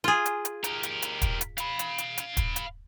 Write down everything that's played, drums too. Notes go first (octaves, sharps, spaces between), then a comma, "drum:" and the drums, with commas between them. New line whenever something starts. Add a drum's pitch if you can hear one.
F4 G#4
drum: hi-hat
drum: hi-hat
G4 A#4, drum: hi-hat
drum: hi-hat
drum: hi-hat
drum: kick, hi-hat
drum: hi-hat
F5 B5, drum: hi-hat
drum: hi-hat
drum: hi-hat
drum: hi-hat
drum: kick, hi-hat
drum: hi-hat